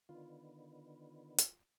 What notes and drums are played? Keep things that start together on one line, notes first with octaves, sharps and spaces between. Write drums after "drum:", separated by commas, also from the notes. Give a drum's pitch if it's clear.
D3 D#3 B3 F4
drum: hi-hat